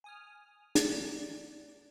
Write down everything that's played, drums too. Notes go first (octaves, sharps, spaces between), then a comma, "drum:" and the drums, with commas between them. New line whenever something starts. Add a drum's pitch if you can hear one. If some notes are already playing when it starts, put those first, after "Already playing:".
G#5 D#6 F6
D5, drum: hi-hat